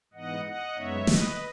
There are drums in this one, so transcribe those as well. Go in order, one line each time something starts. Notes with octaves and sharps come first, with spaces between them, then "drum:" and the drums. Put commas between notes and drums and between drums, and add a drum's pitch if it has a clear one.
G#2 E3 B3 D#4 D#5 F#5
D#5 F#5
F#2 C#3 G#3 B3 D#4 C#5 E5
B4 D#5, drum: snare